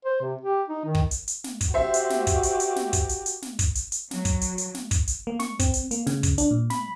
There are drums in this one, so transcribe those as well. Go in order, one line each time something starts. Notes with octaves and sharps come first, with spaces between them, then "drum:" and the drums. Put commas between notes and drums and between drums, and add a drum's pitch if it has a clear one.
C5
C3
G4
D#4
D#3
drum: kick
drum: hi-hat
drum: hi-hat
drum: snare
drum: kick, hi-hat
F#4 G4 C5 E5
drum: hi-hat
drum: snare
drum: kick, hi-hat
drum: hi-hat
drum: hi-hat
drum: snare
drum: kick, hi-hat
drum: hi-hat
drum: hi-hat
drum: snare
drum: kick, hi-hat
drum: hi-hat
drum: hi-hat
F#3, drum: snare
drum: kick, hi-hat
drum: hi-hat
drum: hi-hat
drum: snare
drum: kick, hi-hat
drum: hi-hat
A#3
C#6, drum: snare
C4, drum: kick, hi-hat
drum: hi-hat
A#3, drum: hi-hat
C#3, drum: snare
drum: kick, hi-hat
D4, drum: hi-hat
A#2
B5, drum: snare